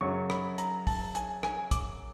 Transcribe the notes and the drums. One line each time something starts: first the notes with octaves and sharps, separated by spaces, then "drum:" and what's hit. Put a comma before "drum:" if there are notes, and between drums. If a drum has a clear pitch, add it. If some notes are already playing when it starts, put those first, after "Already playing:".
F#2 C#3 F#3 C#6
B5, drum: rim click
A#5, drum: hi-hat
A5, drum: kick, open hi-hat
G#5, drum: hi-hat
G#5, drum: rim click
D6, drum: kick, hi-hat